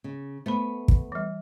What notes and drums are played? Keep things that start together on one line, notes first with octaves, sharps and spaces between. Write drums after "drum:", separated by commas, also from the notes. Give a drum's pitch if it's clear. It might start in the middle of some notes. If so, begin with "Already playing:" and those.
C#3
A3 B3 C5 B5
drum: kick
E3 G3